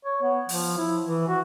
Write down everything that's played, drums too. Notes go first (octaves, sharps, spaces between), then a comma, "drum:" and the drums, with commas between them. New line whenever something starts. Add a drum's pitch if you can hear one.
C#5
B3
F3, drum: open hi-hat
E4
E3
F#4